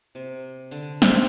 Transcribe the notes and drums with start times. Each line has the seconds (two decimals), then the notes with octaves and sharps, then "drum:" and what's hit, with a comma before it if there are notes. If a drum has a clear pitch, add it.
0.15 C3
0.71 D3
1.02 C4, drum: snare